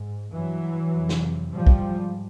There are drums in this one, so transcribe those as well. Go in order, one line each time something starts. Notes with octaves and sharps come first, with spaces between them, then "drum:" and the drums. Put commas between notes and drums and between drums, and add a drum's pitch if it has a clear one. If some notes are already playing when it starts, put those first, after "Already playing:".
Already playing: G#2
G2 E3 F#3
F2
C3
drum: snare
G#2 F3 G3
drum: kick